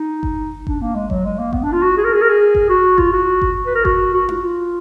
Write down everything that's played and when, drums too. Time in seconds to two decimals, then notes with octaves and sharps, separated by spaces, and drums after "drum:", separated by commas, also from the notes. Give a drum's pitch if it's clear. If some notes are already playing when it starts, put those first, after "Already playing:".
Already playing: D#4
0.23 drum: kick G1
0.67 D4, drum: kick G1
0.81 A#3
0.95 G#3
1.10 F#3, drum: kick G1
1.25 G#3
1.39 A#3
1.53 B3, drum: kick G1
1.63 D4
1.72 F4
1.83 F#4
1.97 G#4
2.04 A#4
2.13 G#4
2.22 A#4
2.29 G#4
2.55 drum: kick G1
2.69 F#4
2.98 F4, drum: kick G1
3.13 F#4
3.42 drum: kick G1
3.66 B4
3.75 A#4
3.85 F#4, drum: kick G1
4.14 F#4
4.29 F4, drum: tom D#4
4.43 F4